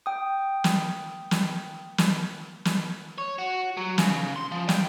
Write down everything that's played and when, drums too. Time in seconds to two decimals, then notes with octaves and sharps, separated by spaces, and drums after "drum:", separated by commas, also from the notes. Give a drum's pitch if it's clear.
0.06 G5 D#6
0.64 drum: snare
1.31 drum: snare
1.98 drum: snare
2.65 drum: snare
3.18 C#5
3.38 F#4
3.77 F#3
3.98 C#3, drum: snare
4.36 C6
4.52 F3
4.69 G5, drum: snare